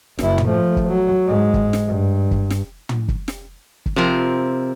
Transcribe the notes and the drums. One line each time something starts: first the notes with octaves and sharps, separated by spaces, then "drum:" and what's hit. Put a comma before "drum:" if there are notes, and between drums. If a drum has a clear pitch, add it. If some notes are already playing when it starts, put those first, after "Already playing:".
F#1 E4, drum: snare
drum: tom
F3 A3
drum: kick
F#3
G#2 G#3
drum: kick
drum: snare
G2
drum: kick
drum: snare
drum: tom
drum: kick
drum: snare
drum: kick
C3 F3 C4 A#4